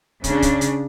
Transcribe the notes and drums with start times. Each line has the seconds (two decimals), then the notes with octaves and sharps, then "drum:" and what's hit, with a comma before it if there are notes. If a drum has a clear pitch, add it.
0.24 C#3 D4, drum: kick, hi-hat
0.42 drum: kick, hi-hat
0.61 drum: hi-hat